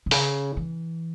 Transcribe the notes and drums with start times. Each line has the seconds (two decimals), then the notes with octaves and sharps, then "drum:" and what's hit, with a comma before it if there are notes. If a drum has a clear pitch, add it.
0.06 B2
0.11 C#3, drum: open hi-hat
0.57 E3